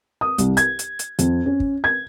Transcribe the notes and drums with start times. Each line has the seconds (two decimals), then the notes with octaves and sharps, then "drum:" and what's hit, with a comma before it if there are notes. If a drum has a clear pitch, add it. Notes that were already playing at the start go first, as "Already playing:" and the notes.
0.21 D#6
0.38 C2, drum: hi-hat
0.57 G#6, drum: hi-hat
0.79 drum: hi-hat
0.99 drum: hi-hat
1.19 F2, drum: hi-hat
1.46 C#4
1.60 drum: kick
1.84 G#6